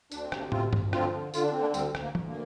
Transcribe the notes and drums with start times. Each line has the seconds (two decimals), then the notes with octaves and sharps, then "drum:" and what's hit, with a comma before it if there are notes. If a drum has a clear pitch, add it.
0.11 D2 D4, drum: tambourine
0.25 C4
0.32 C3, drum: rim click
0.38 A#3 D4
0.52 D2 C4 F4, drum: tom
0.73 D2, drum: tom G2
0.93 F3 C4 F4, drum: rim click
1.14 D3
1.34 D3 F4, drum: tambourine
1.43 D4
1.52 D3 C4
1.61 A#3 D4
1.74 D2 G3 C4, drum: tambourine
1.95 D2, drum: rim click
2.02 A#3
2.15 D2, drum: tom E3
2.29 A#3